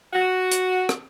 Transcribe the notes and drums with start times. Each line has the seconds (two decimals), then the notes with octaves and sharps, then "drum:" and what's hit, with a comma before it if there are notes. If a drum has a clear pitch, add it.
0.13 F#4
0.51 drum: hi-hat
0.89 drum: rim click